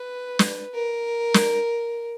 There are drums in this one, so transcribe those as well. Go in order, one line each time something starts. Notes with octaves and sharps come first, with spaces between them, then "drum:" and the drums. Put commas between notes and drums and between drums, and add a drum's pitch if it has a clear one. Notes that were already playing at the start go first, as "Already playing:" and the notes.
Already playing: B4
drum: snare
A#4
drum: snare